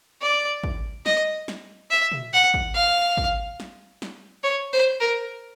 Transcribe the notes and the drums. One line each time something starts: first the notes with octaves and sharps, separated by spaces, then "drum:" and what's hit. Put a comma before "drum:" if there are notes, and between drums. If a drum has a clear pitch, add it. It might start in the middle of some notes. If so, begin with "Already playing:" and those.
D5
drum: kick
D#5, drum: snare
drum: snare
E5
drum: tom A#2
F#5
drum: kick
F5
drum: kick
drum: snare
drum: snare
C#5
C5
A#4